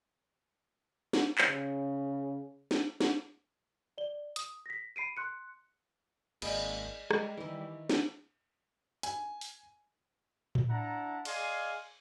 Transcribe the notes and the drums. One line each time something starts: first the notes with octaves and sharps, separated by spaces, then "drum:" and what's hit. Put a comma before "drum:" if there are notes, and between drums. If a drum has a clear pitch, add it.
drum: snare
drum: clap
C#3
drum: snare
drum: snare
D5 G7
D#6, drum: hi-hat
A#6 B6
B5 C7 D7 D#7
C6 F#6 C#7
G#1 A#3 G#4 D5 D#5 B5, drum: cymbal
G3 G#3, drum: rim click
D#3 E3 E4
drum: snare
G#5, drum: hi-hat
drum: open hi-hat
drum: tom A2
D4 E4 F#5 A5 A#5
G#4 D5 D#5 F5 G#5 C6, drum: cymbal